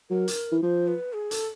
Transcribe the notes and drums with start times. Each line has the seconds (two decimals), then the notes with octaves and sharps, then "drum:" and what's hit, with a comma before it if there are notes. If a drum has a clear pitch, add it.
0.10 F#3 A#4
0.28 drum: hi-hat
0.52 E3
0.62 F3 C5
0.88 B4
1.13 G#4
1.31 A4, drum: hi-hat